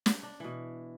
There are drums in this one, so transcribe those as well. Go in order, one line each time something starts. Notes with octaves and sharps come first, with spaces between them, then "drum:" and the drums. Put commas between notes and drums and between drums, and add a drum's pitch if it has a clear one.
drum: snare
D4
B2 E3